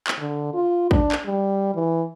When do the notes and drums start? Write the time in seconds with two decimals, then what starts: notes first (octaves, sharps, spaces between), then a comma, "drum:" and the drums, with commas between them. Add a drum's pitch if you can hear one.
0.07 drum: clap
0.19 D3
0.54 F4
0.91 D4, drum: kick
1.12 drum: clap
1.26 G3
1.75 E3